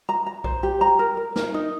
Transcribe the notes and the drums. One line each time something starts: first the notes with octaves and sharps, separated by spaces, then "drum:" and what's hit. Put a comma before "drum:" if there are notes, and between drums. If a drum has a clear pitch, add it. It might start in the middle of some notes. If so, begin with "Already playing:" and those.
A#5
A#5
C5, drum: kick B1
G4
A#5
A#4
A#4
A#4, drum: snare
D#4